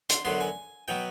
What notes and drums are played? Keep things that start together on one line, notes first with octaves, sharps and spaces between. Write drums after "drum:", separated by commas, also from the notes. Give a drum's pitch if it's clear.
C6, drum: hi-hat
F#2 D3 F#3 B3 C6
G#5
B2 F#3 B3 G5